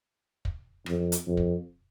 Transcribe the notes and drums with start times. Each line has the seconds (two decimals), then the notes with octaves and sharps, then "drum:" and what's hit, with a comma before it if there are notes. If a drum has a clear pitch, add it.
0.45 drum: kick
0.86 F2, drum: rim click
1.12 drum: hi-hat
1.27 F2
1.37 drum: kick